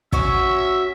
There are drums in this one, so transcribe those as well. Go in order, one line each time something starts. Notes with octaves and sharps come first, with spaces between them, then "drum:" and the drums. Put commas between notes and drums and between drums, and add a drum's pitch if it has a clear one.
C#4 F#4 C#5 E5, drum: kick